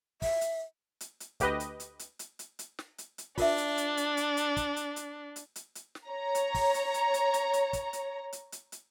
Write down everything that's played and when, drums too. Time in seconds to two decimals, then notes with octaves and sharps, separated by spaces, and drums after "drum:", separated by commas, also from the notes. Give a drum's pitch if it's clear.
0.22 E5, drum: kick, open hi-hat
0.41 drum: hi-hat
1.01 drum: hi-hat
1.20 drum: hi-hat
1.40 D2 G4 B4 D#5, drum: kick, hi-hat
1.60 drum: hi-hat
1.80 drum: hi-hat
1.99 drum: hi-hat
2.19 drum: hi-hat
2.39 drum: hi-hat
2.59 drum: hi-hat
2.79 drum: snare
2.98 drum: hi-hat
3.18 drum: hi-hat
3.38 D4 F4 A#4 E5, drum: kick, open hi-hat
3.58 drum: hi-hat
3.77 drum: hi-hat
3.97 drum: hi-hat
4.17 drum: hi-hat
4.37 drum: hi-hat
4.57 drum: kick, hi-hat
4.76 drum: hi-hat
4.96 drum: hi-hat
5.36 drum: hi-hat
5.56 drum: hi-hat
5.75 drum: hi-hat
5.95 drum: snare
6.08 C#5 A#5
6.35 drum: hi-hat
6.54 drum: kick, open hi-hat
6.74 drum: hi-hat
6.94 drum: hi-hat
7.14 drum: hi-hat
7.34 drum: hi-hat
7.53 drum: hi-hat
7.73 drum: kick, hi-hat
7.93 drum: hi-hat
8.33 drum: hi-hat
8.52 drum: hi-hat
8.72 drum: hi-hat